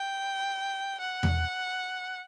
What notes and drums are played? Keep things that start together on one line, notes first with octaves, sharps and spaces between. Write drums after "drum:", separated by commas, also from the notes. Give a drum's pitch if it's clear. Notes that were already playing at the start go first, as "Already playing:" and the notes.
Already playing: G5
F#5
drum: tom E2